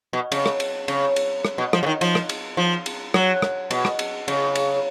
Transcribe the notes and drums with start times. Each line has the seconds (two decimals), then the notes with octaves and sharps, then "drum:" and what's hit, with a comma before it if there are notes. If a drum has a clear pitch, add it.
0.13 B2
0.32 C#3, drum: cymbal
0.46 drum: rim click
0.60 drum: cymbal
0.88 C#3, drum: cymbal
1.16 drum: cymbal
1.45 drum: rim click
1.58 B2
1.73 F3, drum: rim click
1.83 C#3
1.86 D#3
2.01 F3, drum: cymbal
2.15 drum: rim click
2.29 drum: cymbal
2.57 F3
2.86 drum: cymbal
3.14 F#3, drum: rim click
3.42 drum: rim click
3.71 B2, drum: cymbal
3.85 drum: rim click
3.99 drum: cymbal
4.28 C#3, drum: cymbal
4.55 drum: cymbal